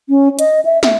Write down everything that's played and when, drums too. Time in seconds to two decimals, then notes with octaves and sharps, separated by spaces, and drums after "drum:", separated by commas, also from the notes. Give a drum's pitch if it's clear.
0.09 C#4
0.39 D#5, drum: hi-hat
0.65 E5
0.83 E5, drum: snare